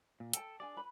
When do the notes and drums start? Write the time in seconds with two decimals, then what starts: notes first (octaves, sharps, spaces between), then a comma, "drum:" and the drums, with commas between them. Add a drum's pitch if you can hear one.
0.20 A#2
0.33 A4 G5 A5, drum: hi-hat
0.60 D4 G#4 D5 G#5
0.77 B4 B5